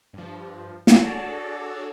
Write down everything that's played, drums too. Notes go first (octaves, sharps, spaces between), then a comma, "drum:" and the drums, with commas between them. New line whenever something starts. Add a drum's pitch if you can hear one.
G2 F3
drum: snare
D4 F#4 G#4 A4 C#5 D5